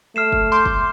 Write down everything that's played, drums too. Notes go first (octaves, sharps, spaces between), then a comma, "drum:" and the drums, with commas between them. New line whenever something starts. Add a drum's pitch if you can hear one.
A3 F6 C7 E7
drum: kick F#1
C6 D6 G6
drum: kick F#1